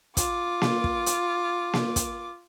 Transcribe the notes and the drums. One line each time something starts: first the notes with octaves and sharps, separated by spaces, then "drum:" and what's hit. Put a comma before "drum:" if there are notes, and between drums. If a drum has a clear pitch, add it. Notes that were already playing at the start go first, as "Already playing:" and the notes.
F4 D6, drum: kick, hi-hat
drum: snare A#3
drum: kick
drum: hi-hat
drum: snare A#3
drum: kick, hi-hat